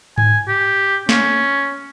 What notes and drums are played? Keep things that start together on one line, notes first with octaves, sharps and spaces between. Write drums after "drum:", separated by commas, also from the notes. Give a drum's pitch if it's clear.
G#5, drum: tom G#2
G4
C#4, drum: snare